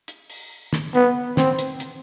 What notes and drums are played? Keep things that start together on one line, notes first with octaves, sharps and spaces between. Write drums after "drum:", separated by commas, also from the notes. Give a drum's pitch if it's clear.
drum: hi-hat
drum: open hi-hat
drum: snare
B3, drum: hi-hat
C4, drum: snare
drum: hi-hat
drum: hi-hat